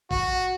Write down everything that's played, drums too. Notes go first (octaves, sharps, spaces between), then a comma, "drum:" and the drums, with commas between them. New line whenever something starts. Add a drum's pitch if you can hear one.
F#4, drum: kick